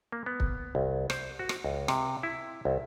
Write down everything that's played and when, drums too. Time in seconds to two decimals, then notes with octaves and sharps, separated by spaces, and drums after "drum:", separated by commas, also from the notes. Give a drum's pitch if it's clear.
0.12 A#3
0.26 B3
0.40 drum: kick
0.75 C2
1.10 C5, drum: rim click
1.39 F#4
1.49 drum: rim click
1.64 C#2
1.88 C3, drum: rim click
2.23 E4
2.65 C2